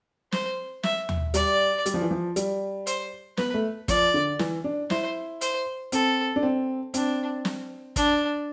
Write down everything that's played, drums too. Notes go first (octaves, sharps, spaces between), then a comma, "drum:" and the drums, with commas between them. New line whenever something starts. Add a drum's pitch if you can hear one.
C5, drum: snare
E5, drum: snare
drum: tom
G3 D5, drum: hi-hat
G3, drum: hi-hat
F3
E3
F3
G3, drum: hi-hat
C5, drum: hi-hat
B3 B4, drum: snare
A3
F3 D5, drum: kick, hi-hat
D3
E3, drum: snare
D4
E4 C5, drum: snare
C5, drum: hi-hat
C4 A4, drum: hi-hat
D4
C4
C4 D4, drum: hi-hat
drum: snare
D4, drum: kick, hi-hat